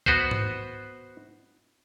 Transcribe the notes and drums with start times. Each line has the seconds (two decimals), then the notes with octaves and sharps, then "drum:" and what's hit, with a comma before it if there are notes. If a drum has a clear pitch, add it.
0.06 B3 F#4 B4 C5, drum: kick A#1
0.31 drum: tom G#2